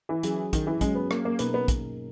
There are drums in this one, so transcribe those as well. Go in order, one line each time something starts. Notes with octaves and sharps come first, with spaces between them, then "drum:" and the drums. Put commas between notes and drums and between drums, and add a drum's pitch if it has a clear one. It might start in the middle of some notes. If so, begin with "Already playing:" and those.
E3
F#3 C#4 G#4, drum: hi-hat
D#3, drum: kick, hi-hat
E3
F#3 G#3 C#4 G#4, drum: kick, hi-hat
B3
A#3, drum: rim click
A#3
B2 A#3 B3 D#4 A#4, drum: hi-hat
B3
drum: kick, hi-hat